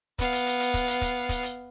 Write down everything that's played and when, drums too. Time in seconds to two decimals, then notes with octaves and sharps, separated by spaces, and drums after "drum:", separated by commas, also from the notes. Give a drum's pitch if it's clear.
0.19 B3 F5, drum: kick, hi-hat
0.32 drum: hi-hat
0.46 drum: hi-hat
0.60 drum: hi-hat
0.74 drum: kick, hi-hat
0.88 drum: hi-hat
1.01 drum: kick, hi-hat
1.29 drum: kick, hi-hat
1.43 drum: hi-hat